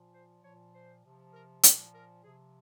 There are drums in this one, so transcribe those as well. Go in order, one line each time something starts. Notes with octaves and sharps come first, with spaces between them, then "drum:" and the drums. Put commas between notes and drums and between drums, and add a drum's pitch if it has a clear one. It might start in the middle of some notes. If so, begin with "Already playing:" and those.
Already playing: A#2 F3
C5
A#2 F3 C#5
C5
C3 F3
A#4
A#2 F3 G#4, drum: hi-hat
A#4
C3 F3 G#4